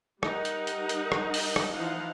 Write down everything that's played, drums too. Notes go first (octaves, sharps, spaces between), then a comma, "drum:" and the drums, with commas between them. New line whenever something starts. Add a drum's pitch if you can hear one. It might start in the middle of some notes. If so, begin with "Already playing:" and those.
G3 D#4 A#4 F#5, drum: rim click
drum: hi-hat
drum: hi-hat
drum: hi-hat
drum: rim click
drum: open hi-hat
drum: rim click
E3 F3 D#4 E4 F5 F#5